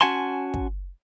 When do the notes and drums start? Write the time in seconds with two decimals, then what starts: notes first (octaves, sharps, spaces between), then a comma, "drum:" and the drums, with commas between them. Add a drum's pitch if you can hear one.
0.01 C#4 F#4 F#5 G#5 A5 C6
0.54 drum: kick